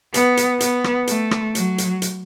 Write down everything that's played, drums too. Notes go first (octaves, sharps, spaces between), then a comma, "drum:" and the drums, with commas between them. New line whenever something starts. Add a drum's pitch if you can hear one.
B3, drum: hi-hat
drum: hi-hat
B3, drum: hi-hat
drum: rim click
A3, drum: hi-hat
drum: rim click
F#3, drum: hi-hat
drum: hi-hat
drum: hi-hat